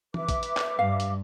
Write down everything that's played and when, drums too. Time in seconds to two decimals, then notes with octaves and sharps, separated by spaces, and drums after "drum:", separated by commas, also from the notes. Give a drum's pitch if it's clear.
0.14 B4 E5 D6, drum: tom E3
0.29 drum: kick, hi-hat
0.43 drum: hi-hat
0.57 drum: clap
0.79 G2 F5
1.00 drum: hi-hat